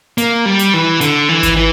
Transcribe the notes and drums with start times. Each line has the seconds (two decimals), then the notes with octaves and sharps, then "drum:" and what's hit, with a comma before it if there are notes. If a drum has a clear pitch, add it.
0.18 A#3, drum: hi-hat
0.45 G3
0.59 drum: hi-hat
0.74 E3
1.01 D3, drum: hi-hat
1.29 E3
1.43 drum: kick G#1, hi-hat
1.57 E3